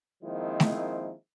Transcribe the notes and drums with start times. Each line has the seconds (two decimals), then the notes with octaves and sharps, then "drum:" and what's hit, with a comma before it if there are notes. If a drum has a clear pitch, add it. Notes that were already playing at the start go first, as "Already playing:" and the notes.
0.23 D#3 F3 G#3 A#3 C4 E4
0.60 drum: snare A3